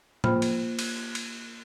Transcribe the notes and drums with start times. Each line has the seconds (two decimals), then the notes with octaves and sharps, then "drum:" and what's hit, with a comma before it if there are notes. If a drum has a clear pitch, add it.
0.24 A#3 F4 C5 G5 B5 F6, drum: tom
0.42 drum: cymbal
0.79 drum: cymbal
1.15 drum: cymbal